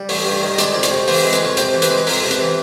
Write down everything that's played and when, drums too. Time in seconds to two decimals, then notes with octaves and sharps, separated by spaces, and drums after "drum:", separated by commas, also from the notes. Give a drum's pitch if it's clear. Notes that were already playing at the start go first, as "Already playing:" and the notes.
Already playing: G3
0.09 A1 C#5, drum: open hi-hat
0.25 G2
0.42 D#3
0.54 D#5
0.58 G#3 D5, drum: hi-hat
0.74 F2 D5
0.83 C#5, drum: hi-hat
0.91 C3
1.08 E3 C5, drum: open hi-hat
1.24 G#3
1.33 B4, drum: hi-hat
1.41 F2 C#5
1.57 C3 C5, drum: hi-hat
1.74 E3
1.82 B4, drum: hi-hat
1.90 G#3 C5
1.97 B4
2.07 F2 A#4, drum: open hi-hat
2.23 C3
2.31 B4, drum: hi-hat
2.40 E3